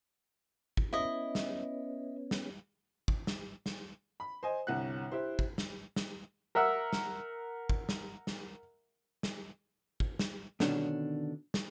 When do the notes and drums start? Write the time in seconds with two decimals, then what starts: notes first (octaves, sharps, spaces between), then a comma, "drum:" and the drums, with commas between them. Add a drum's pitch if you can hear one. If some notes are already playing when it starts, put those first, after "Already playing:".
0.77 drum: kick
0.93 B3 C#4 E4 D#5
1.35 drum: snare
2.31 drum: snare
3.08 drum: kick
3.27 drum: snare
3.66 drum: snare
4.20 B5
4.43 C5 D#5 G#5
4.67 G1 C2 F#5 F#6
5.12 E4 G4 C5
5.39 drum: kick
5.58 drum: snare
5.96 drum: snare
6.55 A#4 E5 F#5 E6
6.93 drum: snare
7.70 drum: kick
7.89 drum: snare
8.27 drum: snare
9.23 drum: snare
10.00 drum: kick
10.19 drum: snare
10.60 B2 D3 D#3 C#4 D4, drum: snare
11.54 drum: snare